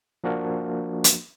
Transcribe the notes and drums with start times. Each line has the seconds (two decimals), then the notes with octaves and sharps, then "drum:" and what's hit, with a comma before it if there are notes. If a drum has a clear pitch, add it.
0.24 F3 A#3 D4 F#4 A#4
1.04 drum: hi-hat